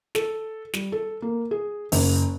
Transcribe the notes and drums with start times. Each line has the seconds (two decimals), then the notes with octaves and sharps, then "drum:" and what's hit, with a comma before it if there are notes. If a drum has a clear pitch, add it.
0.15 A4, drum: snare
0.73 G3, drum: snare
0.92 A4
1.22 A#3
1.51 G#4
1.92 F#1, drum: open hi-hat